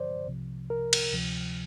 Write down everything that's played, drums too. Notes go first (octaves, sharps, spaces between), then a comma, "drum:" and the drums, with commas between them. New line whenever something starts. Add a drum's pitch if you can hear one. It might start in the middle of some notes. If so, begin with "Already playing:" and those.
Already playing: G2 D3 F3 C5 D5
C2 C3 F3
A#4
drum: cymbal
D2 C3 F3